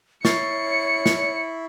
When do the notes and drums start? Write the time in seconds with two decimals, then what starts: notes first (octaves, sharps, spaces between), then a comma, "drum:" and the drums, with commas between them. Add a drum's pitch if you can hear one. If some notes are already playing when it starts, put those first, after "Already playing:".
0.25 E4 C#5 C#6 A6 C7 C#7, drum: snare
1.06 drum: snare